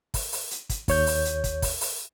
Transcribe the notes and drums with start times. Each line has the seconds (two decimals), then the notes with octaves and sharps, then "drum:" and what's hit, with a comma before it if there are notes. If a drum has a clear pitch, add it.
0.14 drum: kick, open hi-hat
0.32 drum: open hi-hat
0.51 drum: hi-hat
0.69 drum: kick, hi-hat
0.88 D#2 C#5 G6, drum: kick, open hi-hat
1.07 drum: open hi-hat
1.25 drum: hi-hat
1.44 drum: kick, hi-hat
1.62 drum: kick, open hi-hat
1.81 drum: open hi-hat